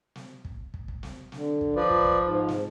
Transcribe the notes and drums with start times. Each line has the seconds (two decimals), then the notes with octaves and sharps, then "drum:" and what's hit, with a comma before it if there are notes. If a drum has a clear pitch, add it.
0.15 drum: snare
0.45 drum: kick
0.74 drum: kick
0.88 drum: kick
1.03 drum: snare
1.32 D3, drum: snare
1.61 drum: kick
1.76 F3 B4 D5
1.90 drum: kick
2.05 drum: kick
2.24 G#2
2.48 drum: snare